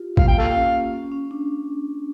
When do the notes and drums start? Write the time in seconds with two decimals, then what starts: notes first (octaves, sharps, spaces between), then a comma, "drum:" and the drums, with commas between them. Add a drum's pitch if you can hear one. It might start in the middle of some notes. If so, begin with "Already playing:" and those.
Already playing: F4 G4
0.17 A#3 F5, drum: kick A1
0.28 G5
0.39 A4 F5
0.55 C#4
0.93 C#4
1.12 C#4
1.31 D4